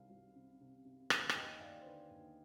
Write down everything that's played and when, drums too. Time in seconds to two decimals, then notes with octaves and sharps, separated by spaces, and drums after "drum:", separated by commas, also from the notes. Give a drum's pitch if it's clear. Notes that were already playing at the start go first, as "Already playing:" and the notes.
Already playing: C2 D#3 F5
0.10 C2
0.36 C3
0.61 C3
0.85 C3
1.10 D#2 F5 G#5, drum: rim click
1.29 G#5, drum: rim click
1.35 D#2 D#5 G5
1.60 D#2 D5 F5
1.80 C5
1.85 D3 B4 D5
2.10 D#2